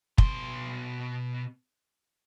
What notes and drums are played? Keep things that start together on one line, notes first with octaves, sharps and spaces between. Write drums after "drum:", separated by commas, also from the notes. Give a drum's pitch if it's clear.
B2 C6, drum: kick